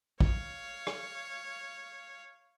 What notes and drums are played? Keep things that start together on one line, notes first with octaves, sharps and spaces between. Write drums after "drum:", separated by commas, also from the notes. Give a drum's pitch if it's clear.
C#5 F5, drum: kick
drum: rim click